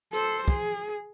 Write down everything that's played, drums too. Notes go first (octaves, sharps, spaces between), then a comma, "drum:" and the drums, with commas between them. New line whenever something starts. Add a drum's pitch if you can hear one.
A4 C5, drum: hi-hat
G#4, drum: kick